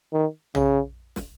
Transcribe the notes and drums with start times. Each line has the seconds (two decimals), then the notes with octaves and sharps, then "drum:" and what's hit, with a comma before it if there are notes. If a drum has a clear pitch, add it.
0.13 D#3
0.55 C#3, drum: tom
1.16 drum: snare